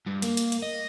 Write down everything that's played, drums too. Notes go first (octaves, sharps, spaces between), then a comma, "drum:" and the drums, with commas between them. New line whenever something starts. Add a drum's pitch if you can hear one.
G2
A#3, drum: hi-hat
drum: hi-hat
drum: hi-hat
D#5